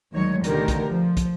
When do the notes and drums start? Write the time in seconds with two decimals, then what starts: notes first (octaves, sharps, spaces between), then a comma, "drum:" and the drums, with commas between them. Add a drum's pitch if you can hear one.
0.13 D2 D#3 F#3 G#3 C#5
0.44 D2 B2 D3 D#3 G4 A#4, drum: hi-hat
0.68 drum: kick, hi-hat
0.87 F3
1.17 drum: kick, hi-hat